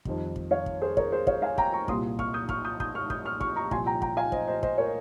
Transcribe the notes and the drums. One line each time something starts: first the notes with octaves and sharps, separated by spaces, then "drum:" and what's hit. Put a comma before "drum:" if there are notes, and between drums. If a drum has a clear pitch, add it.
F2 D#3 G3, drum: kick
drum: kick
C#5 F5
drum: kick
G#4 C5
A#4 C#5, drum: kick
G#4 C5
C#5 F5, drum: kick
F5 G#5
G5 A#5, drum: kick
A#5 C#6
C2 A#2 G3 A#3 C6 D#6, drum: kick
C#6 F6, drum: kick
D#6 G6
C#6 F6, drum: kick
D#6 G6
D#6 G6, drum: kick
C#6 F6
D#6 G6, drum: kick
C#6 F6
C#6 F6, drum: kick
A#5 C#6
C2 A#2 F3 G#5 C6, drum: kick
G5 A#5
G5 A#5, drum: kick
F5 G#5
C5 D#5, drum: kick
C5 D#5
C5 D#5, drum: kick
A#4 C#5